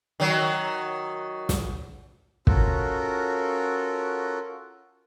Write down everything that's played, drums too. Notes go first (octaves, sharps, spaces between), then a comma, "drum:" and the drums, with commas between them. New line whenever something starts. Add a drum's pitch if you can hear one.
D#3 F#3
drum: snare
C#4 F4 F#4 A4 A#4, drum: kick